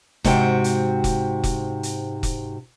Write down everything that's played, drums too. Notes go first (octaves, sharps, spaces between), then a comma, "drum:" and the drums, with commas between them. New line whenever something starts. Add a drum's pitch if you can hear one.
G#2 C3 F#4 G5, drum: kick, hi-hat
drum: hi-hat
drum: kick, hi-hat
drum: kick, hi-hat
drum: hi-hat
drum: kick, hi-hat